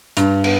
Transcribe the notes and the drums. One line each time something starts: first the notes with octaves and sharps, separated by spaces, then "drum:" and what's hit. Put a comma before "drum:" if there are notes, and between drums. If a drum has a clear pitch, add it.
G2, drum: hi-hat
B3, drum: cymbal